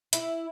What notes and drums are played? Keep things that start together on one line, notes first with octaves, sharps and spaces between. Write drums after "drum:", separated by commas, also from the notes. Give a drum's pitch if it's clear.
E4, drum: hi-hat